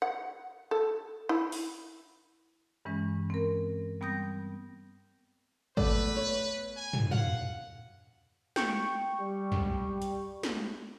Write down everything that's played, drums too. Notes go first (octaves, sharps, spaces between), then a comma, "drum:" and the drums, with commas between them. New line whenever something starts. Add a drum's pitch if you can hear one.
F#5
A4
E4
drum: open hi-hat
G2 E3 G#3 C#4
C4 A#4
G3 B3 C4 D#6 G6 A#6
A3 B3 B4 D5, drum: kick G#1
C#5
G#5
drum: tom
F5 F#5, drum: tom
G5 C#6, drum: snare
G3
drum: tom
drum: hi-hat
drum: snare